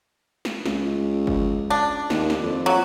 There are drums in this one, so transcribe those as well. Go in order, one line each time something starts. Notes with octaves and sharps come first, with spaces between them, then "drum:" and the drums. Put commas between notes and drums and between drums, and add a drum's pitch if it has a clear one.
drum: snare
C#2, drum: snare
drum: kick G1
D4
D#2, drum: snare
drum: snare
F2
F#3